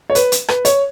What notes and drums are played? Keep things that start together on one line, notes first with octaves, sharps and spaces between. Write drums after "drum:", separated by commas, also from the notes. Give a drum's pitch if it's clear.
C#5
B4, drum: hi-hat
drum: hi-hat
B4, drum: rim click
C#5, drum: hi-hat